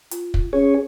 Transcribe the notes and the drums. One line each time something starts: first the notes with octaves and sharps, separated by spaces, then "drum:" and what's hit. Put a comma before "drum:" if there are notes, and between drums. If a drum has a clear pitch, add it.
F4, drum: hi-hat
drum: kick
C#4 G#4 C#5